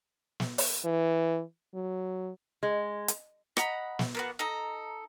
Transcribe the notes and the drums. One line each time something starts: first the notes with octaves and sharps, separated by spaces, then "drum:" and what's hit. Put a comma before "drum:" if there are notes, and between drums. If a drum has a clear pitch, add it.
drum: snare
drum: open hi-hat
E3
F#3
G#3
drum: hi-hat
D#5 F#5 A#5 B5, drum: rim click
drum: snare
A#3 B3 F#4
D#4 A4 A#5